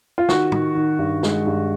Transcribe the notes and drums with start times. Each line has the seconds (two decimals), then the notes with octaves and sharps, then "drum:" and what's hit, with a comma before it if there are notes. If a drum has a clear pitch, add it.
0.18 F4
0.29 D#3 F#4, drum: snare
0.52 D#3, drum: tom A2
0.75 D#3
0.99 G2
1.23 G#3, drum: snare
1.47 G2